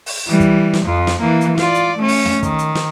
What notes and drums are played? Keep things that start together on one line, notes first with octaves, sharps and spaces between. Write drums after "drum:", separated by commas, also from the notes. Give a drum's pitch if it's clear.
drum: open hi-hat
E3 G3
drum: kick, hi-hat
drum: snare
F2 F3
drum: snare
E3 A#3
drum: hi-hat
F4 D5, drum: snare
drum: hi-hat
A3 C#4
drum: open hi-hat
drum: tom
D#3, drum: kick, hi-hat
drum: hi-hat
drum: snare